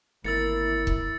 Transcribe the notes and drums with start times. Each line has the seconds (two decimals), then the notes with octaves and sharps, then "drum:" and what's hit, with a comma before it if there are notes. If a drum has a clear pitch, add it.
0.24 G#1 D3 A#3 E4 A#4 E6 A6 C#7
0.87 drum: kick